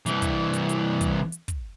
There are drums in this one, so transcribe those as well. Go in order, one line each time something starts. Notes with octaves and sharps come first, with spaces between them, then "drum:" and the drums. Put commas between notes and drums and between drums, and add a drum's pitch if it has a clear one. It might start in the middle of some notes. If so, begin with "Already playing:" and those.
C2 E3, drum: hi-hat
drum: kick, hi-hat
drum: hi-hat
drum: hi-hat
drum: kick, hi-hat
drum: hi-hat
drum: kick, hi-hat